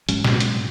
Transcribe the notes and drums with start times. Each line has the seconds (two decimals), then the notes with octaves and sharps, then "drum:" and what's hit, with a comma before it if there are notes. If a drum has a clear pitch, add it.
0.09 G#2 F#3 C#4, drum: hi-hat
0.25 drum: snare
0.40 drum: hi-hat